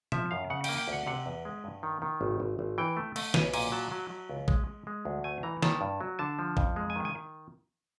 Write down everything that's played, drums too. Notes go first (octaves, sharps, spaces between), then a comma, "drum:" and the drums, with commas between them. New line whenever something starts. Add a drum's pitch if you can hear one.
F3 E5, drum: tom A#2
F#2 F5
C#3 F#5
A#3 G5, drum: cymbal
G5
D2
F#5
C3 F#5
E2
G#3
G2
D#3
D#3
G#1
G#1
G#1
E3 G5
A3
A3, drum: cymbal
B1 G#5, drum: snare
A#2 G#5, drum: cymbal
F#3 A5
F#3
F#3
C#2
G#3, drum: kick
G#3
G#3
D2
A3 G#5
E3 A#5
D#3 A5, drum: snare
G2
F#3
D3 A5
F3
F2, drum: kick
G#3
G#5
D#3
G#5
D#3